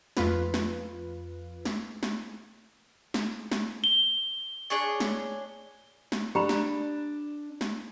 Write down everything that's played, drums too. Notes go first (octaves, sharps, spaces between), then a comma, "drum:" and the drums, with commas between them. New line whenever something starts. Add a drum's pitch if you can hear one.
F2 F4 B4, drum: snare
drum: snare
drum: snare
drum: snare
drum: snare
drum: snare
G7
D4 G#4 C#5
drum: snare
drum: snare
D4 G4 A#5 B5
drum: snare
drum: snare